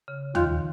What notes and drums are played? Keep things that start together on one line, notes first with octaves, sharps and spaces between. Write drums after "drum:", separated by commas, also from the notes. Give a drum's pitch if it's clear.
C#3
D#2 D#3 F4, drum: tom D#2